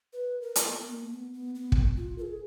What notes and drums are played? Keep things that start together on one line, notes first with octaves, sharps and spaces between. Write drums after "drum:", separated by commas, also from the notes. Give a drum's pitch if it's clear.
B4
A#4
drum: hi-hat
B3
A#3
A#3
B3
B3
B3
drum: kick
F4
A#4
G#4